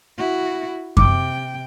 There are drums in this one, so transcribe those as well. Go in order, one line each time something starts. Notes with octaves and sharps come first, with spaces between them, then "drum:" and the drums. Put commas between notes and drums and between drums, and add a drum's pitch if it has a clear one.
E4 F#4
C3 G5 D6, drum: kick F#2